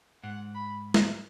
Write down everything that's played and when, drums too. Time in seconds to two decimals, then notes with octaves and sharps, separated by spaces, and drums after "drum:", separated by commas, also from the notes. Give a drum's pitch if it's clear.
0.23 G#2 F#5
0.55 B5
0.94 drum: snare